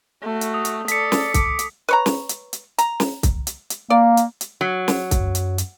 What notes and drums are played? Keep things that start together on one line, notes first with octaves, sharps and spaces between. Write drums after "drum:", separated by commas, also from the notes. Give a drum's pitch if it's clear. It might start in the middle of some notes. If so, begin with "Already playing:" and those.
A3 F#4
drum: hi-hat
D#6
drum: hi-hat
A4 D5 B6 C#7, drum: hi-hat
drum: snare
D6, drum: kick C2, hi-hat
drum: hi-hat
B4 C#5 A#5
drum: snare
drum: hi-hat
drum: hi-hat
A#5, drum: hi-hat
drum: snare
drum: kick C2, hi-hat
drum: hi-hat
drum: hi-hat
A#3 D5
drum: hi-hat
drum: hi-hat
F#3
drum: snare
drum: kick C2, hi-hat
F#2
drum: hi-hat
drum: hi-hat